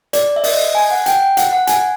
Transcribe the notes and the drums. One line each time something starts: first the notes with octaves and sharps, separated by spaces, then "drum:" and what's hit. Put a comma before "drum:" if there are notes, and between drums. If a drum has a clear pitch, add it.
D5, drum: hi-hat
E5
D#5, drum: open hi-hat
G#5
F#5
G5, drum: hi-hat
F#5, drum: hi-hat
F#5
G#5, drum: hi-hat